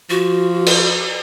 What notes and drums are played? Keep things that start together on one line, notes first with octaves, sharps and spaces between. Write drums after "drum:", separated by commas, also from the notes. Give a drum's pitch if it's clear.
F3 F#4
drum: cymbal